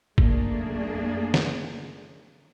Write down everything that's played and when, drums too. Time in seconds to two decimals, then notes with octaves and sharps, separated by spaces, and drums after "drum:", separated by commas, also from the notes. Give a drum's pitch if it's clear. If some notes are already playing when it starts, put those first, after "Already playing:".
0.18 F#2 A3 A#3 D4 G#4, drum: kick
1.34 drum: snare